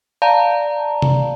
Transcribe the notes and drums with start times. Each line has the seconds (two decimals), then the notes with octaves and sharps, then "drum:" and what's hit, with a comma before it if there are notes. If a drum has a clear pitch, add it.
0.22 D5 F5 A5 A#5
1.02 drum: tom C3